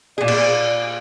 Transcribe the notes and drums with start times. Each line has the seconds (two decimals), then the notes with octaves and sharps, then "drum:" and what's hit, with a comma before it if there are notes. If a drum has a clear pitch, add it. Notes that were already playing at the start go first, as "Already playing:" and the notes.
0.18 A#2 G#4 D5
0.28 drum: cymbal